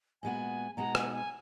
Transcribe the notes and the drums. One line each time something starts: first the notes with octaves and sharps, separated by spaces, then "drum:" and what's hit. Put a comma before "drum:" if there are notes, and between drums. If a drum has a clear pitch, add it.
A#2 G#3 B3 F#4 G#5
B2 G#3 B3 D#4 F#4 A#5
G#5, drum: rim click
G#5